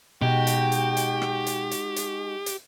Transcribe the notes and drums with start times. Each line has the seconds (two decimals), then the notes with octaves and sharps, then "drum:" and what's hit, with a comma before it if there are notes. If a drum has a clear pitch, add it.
0.22 B2 G#3 D#4 F#4 G4 G5
0.47 drum: hi-hat
0.72 drum: hi-hat
0.97 drum: hi-hat
1.22 drum: rim click
1.47 drum: hi-hat
1.71 drum: hi-hat
1.96 drum: hi-hat
2.46 drum: hi-hat